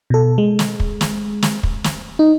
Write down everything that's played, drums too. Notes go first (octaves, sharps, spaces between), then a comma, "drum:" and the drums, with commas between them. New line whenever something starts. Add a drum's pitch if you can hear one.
B2 A4
G#3
drum: snare
drum: kick
drum: snare
drum: snare
drum: kick
drum: snare
D#4